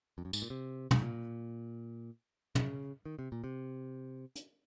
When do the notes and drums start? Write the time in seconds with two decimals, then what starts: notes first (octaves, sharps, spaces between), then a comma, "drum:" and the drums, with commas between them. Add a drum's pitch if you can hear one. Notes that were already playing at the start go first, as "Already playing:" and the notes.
0.18 F2
0.25 F#2
0.33 G#2, drum: tambourine
0.42 A#2
0.50 C3
0.91 G#2, drum: tom
1.02 A#2
2.55 C#3, drum: tom
3.06 D#3
3.19 C3
3.32 A#2
3.44 C3
4.35 drum: hi-hat